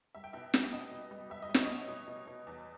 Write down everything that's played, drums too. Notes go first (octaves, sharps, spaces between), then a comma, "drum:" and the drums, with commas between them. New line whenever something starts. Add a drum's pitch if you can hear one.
G3 E5
G5
B2 E5
G3, drum: snare
B2 D#5
B2
G3
G3 E5
D#5
G3
C#5, drum: snare
B2 D#5
B2
B2
B2
E2